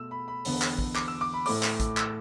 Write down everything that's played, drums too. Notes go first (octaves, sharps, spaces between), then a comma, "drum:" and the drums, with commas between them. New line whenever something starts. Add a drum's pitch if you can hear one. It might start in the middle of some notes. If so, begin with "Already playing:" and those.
Already playing: B2 A3 E6
B5
B5
E2 D3 B3, drum: open hi-hat
drum: clap
drum: kick A1
D6, drum: clap
E6
D6
B5
A2 A3 D6, drum: open hi-hat
drum: clap
drum: kick A1, hi-hat
E6, drum: clap